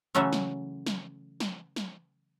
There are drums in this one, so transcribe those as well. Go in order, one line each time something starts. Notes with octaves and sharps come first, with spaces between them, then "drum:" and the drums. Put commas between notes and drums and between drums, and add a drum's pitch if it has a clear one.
C#3 E3 F#3 A3 C#4
drum: snare
drum: snare
drum: snare
drum: snare